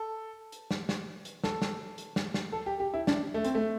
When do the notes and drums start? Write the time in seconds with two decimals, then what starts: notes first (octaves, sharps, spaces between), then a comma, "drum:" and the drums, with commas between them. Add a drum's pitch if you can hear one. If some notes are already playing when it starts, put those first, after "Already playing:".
Already playing: A4
0.52 drum: hi-hat
0.71 drum: snare
0.89 drum: snare
1.25 drum: hi-hat
1.44 A4, drum: snare
1.62 drum: snare
1.98 drum: hi-hat
2.16 drum: snare
2.34 drum: snare
2.52 A4
2.66 G4
2.80 G4
2.94 E4
3.07 D4, drum: snare
3.34 A3
3.44 C4, drum: hi-hat
3.55 A3